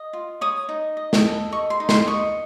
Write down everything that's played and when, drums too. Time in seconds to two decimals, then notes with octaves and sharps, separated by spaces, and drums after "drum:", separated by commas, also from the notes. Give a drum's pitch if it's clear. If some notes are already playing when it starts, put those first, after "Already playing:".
Already playing: D#5
0.13 F4
0.41 C#5 D#6
0.69 D#4
0.97 D#5
1.13 drum: snare
1.25 A4
1.52 D#5 C#6
1.70 C6
1.80 D#4
1.89 C6, drum: snare
2.07 D#5 C#6